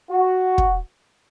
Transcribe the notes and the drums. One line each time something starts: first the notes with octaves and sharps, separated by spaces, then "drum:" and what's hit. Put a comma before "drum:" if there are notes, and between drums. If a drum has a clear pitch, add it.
F#4
drum: kick